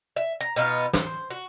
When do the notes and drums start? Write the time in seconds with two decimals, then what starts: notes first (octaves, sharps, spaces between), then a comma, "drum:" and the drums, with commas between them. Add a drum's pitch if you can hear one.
0.16 E5
0.41 A#5
0.56 B2 B3 D#4 F4
0.93 C5, drum: snare
1.31 F#4